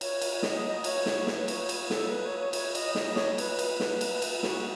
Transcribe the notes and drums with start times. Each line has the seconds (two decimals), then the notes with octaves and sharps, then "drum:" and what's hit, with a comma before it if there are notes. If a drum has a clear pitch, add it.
0.01 C#5, drum: cymbal
0.22 drum: cymbal
0.43 D#5, drum: snare
0.84 C#5, drum: cymbal
1.06 drum: snare
1.27 drum: snare
1.36 B4
1.48 C#5, drum: cymbal
1.69 drum: cymbal
1.90 A4, drum: snare
2.11 B4
2.25 C#5
2.39 C#5
2.53 C#5, drum: cymbal
2.75 D#5, drum: cymbal
2.95 D#5, drum: snare
3.16 C#5, drum: snare
3.38 B4, drum: cymbal
3.59 drum: cymbal
3.80 drum: snare
4.01 drum: cymbal
4.22 drum: cymbal
4.43 F#4, drum: snare